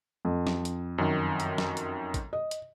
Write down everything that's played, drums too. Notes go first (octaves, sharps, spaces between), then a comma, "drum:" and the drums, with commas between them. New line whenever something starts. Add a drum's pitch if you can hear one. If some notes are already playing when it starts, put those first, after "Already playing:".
F2
drum: snare
drum: hi-hat
F#2 D#3
drum: hi-hat
drum: snare
drum: hi-hat
drum: kick, hi-hat
D#5
drum: hi-hat